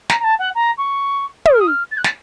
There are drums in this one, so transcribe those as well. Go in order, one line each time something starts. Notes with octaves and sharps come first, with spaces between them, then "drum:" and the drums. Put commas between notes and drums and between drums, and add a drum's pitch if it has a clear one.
A#5, drum: snare
A#5
A5
F#5
A#5
C#6
D#6, drum: tom
F6
D#6
F6
A6
F#6
A6, drum: snare